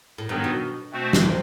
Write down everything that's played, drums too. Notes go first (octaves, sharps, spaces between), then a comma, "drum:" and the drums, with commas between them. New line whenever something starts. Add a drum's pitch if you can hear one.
A2
G2 D#3 F#3 B3 D#4
B2
B2 A3 C4 F#4 C5
drum: snare
C3